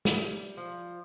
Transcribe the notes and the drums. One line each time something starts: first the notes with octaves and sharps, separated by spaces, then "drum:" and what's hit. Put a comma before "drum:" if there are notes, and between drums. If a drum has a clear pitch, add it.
G3, drum: snare
F3